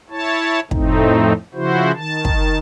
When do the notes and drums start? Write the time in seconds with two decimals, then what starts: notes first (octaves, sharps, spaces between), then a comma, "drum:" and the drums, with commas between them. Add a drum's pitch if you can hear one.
0.10 E4 C#5 A5
0.71 F2 A2 A3 C4 D#4, drum: kick
1.54 C#3 F3 E4 F#4 C5
1.94 D#3 A5
2.25 drum: kick